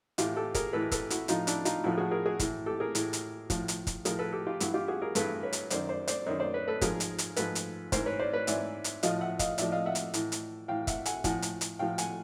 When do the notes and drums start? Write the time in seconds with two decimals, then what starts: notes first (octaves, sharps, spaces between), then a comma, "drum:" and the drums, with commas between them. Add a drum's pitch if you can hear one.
0.18 A2 E3 F4 G4, drum: hi-hat
0.36 G4 A4
0.54 G#4 A#4, drum: kick, hi-hat
0.73 A2 E3 A4 B4
0.92 A4 B4, drum: kick, hi-hat
1.10 E4 F#4, drum: hi-hat
1.28 A2 F3 D#4 F4, drum: hi-hat
1.47 D4 E4, drum: hi-hat
1.65 D#4 F4, drum: hi-hat
1.84 A2 F3 E4 F#4
1.98 F#4 G#4
2.11 G#4 A#4
2.26 F#4 G#4
2.39 A2 E3, drum: kick, hi-hat
2.66 G4 A4
2.80 G#4 A#4
2.95 A2 E3, drum: hi-hat
3.13 drum: hi-hat
3.50 A2 F3, drum: kick, hi-hat
3.68 drum: hi-hat
3.87 drum: kick, hi-hat
4.05 A2 F3 G#4 A#4, drum: hi-hat
4.19 A4 B4
4.32 G4 A4
4.46 F4 G4
4.60 G2 E3 E4 F#4, drum: hi-hat
4.74 F4 G4
4.88 F#4 G#4
5.02 G#4 A#4
5.15 G2 E3 A4 B4, drum: hi-hat
5.43 B4 C#5
5.53 drum: hi-hat
5.70 F#2 D#3 C5 D5, drum: hi-hat
5.89 C5 D5
6.08 C5 D5, drum: hi-hat
6.26 F#2 D#3 C#5 D#5
6.40 C5 D5
6.54 B4 C#5
6.68 A4 B4
6.81 G#2 F3 G#4 A#4, drum: kick, hi-hat
7.00 drum: hi-hat
7.18 drum: hi-hat
7.36 G#2 F3 A4 B4, drum: hi-hat
7.55 drum: hi-hat
7.92 G#2 E3 A#4 C5, drum: kick, hi-hat
8.06 B4 C#5
8.19 C5 D5
8.33 B4 C#5
8.47 G#2 E3 D5 E5, drum: hi-hat
8.84 drum: hi-hat
9.03 A2 F3 D#5 F5, drum: hi-hat
9.21 E5 F#5
9.39 D#5 F5, drum: kick, hi-hat
9.58 A2 F3 D5 E5, drum: hi-hat
9.72 D#5 F5
9.86 E5 F#5
9.95 drum: hi-hat
10.14 A2 E3, drum: hi-hat
10.32 drum: hi-hat
10.68 A2 E3 F5 G5
10.87 E5 F#5, drum: kick, hi-hat
11.05 F#5 G#5, drum: hi-hat
11.24 A2 F3 F#5 G#5, drum: kick, hi-hat
11.42 drum: hi-hat
11.61 drum: hi-hat
11.79 A2 F3 F5 G5
11.98 F#5 G#5, drum: hi-hat